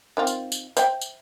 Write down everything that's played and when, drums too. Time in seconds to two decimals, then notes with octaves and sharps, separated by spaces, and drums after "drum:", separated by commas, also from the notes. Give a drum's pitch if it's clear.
0.17 D#3 C4 F4
0.27 drum: tambourine
0.52 drum: tambourine
0.77 C5 E5 G5, drum: tambourine
1.01 drum: tambourine